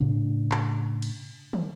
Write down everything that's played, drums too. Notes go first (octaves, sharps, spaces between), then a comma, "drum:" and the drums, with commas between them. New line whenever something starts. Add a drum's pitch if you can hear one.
A2 C#3 D4
drum: clap
drum: cymbal
drum: tom